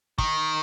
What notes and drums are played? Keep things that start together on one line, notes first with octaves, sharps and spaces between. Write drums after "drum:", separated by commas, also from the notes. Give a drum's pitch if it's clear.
D#3, drum: kick